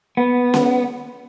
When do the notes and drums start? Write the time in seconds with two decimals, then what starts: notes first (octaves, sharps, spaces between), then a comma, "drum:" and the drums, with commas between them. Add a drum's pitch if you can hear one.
0.17 B3
0.54 drum: snare C#4